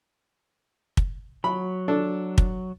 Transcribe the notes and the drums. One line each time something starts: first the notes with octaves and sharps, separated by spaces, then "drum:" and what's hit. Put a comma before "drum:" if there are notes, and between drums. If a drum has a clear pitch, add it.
drum: kick
F#3 B5
D4 A4
drum: kick